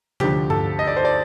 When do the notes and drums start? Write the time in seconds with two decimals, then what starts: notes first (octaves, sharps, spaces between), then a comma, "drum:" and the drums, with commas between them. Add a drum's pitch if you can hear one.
0.20 D2 D3 F3 G4, drum: tom C3
0.50 A4, drum: tom G2
0.79 D#5
0.87 D5
0.97 C5
1.05 D5